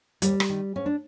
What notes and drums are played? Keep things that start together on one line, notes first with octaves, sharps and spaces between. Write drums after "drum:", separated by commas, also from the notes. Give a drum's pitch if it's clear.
D#2 G3, drum: hi-hat
drum: rim click
D#3
G#2 C#4
D4